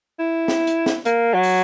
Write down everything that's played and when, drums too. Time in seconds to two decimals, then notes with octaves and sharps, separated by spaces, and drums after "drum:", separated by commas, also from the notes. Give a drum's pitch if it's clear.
0.19 E4
0.48 drum: snare
0.67 drum: hi-hat
0.86 drum: snare
1.05 A#3, drum: hi-hat
1.33 F#3
1.43 drum: open hi-hat